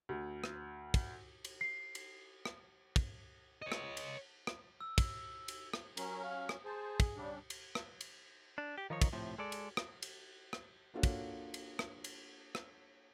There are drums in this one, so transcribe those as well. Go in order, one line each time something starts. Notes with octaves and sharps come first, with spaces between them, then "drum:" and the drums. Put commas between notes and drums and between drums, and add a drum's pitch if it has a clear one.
D2
drum: rim click
drum: kick, cymbal
drum: cymbal
C7
drum: cymbal
drum: rim click
drum: kick, cymbal
C#5 D#5
drum: rim click
drum: cymbal
drum: rim click
E6
drum: kick, cymbal
drum: cymbal
drum: rim click
F#3 C#4 A#4, drum: cymbal
F5
drum: rim click
G#4 C5 A5
drum: kick, cymbal
C#3 G3 D4
drum: cymbal
drum: rim click
drum: cymbal
D4
G4
D#3 F3 D#4 C#5
drum: kick, cymbal
A2 C3 F3
G#3 A4 D5
drum: cymbal
drum: rim click
drum: cymbal
drum: rim click
A#3 D4 F4 F#4 A4 C#5
drum: kick, cymbal
drum: cymbal
drum: rim click
drum: cymbal
drum: rim click